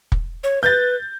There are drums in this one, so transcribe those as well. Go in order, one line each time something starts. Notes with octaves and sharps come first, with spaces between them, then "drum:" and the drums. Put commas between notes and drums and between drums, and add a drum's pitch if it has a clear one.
drum: kick
C#5
B4 G6 A6